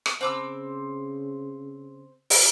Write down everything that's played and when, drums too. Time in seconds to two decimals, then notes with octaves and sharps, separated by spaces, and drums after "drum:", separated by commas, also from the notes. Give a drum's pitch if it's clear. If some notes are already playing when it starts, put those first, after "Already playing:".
0.06 drum: rim click
0.21 C#3 C4 C5 A5 B5 D6 E6
2.30 drum: open hi-hat